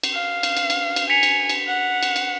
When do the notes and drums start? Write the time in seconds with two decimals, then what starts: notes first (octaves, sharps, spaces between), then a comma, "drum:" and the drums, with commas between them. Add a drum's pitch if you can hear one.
0.03 drum: cymbal
0.13 F5
0.43 drum: cymbal
0.57 drum: cymbal
0.70 drum: cymbal
0.96 drum: cymbal
1.10 G#5 B6 C#7 F7
1.23 drum: cymbal
1.49 drum: cymbal
1.68 F#5
2.03 drum: cymbal
2.16 drum: cymbal